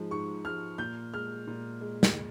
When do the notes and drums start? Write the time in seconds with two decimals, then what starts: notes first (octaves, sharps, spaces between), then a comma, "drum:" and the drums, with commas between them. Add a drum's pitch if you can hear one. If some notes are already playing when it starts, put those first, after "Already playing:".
Already playing: G#2 F3 G#3
0.11 G#2 C#6
0.44 F3 G#3 F6
0.78 A#2 G6
1.13 G#3 F6
1.47 A#2
1.81 G#3
2.03 drum: snare